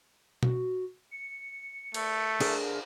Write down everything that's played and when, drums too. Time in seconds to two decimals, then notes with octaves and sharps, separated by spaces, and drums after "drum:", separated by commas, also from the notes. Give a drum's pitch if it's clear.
0.43 F#4, drum: tom B2
1.11 C#7
1.94 A3, drum: cymbal
2.40 D4 G#4 A#4, drum: cymbal